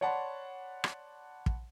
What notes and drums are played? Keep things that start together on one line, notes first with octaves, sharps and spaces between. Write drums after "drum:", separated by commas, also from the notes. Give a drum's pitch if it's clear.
C#5 D5 F#5 A5 B5 C6
drum: rim click
drum: kick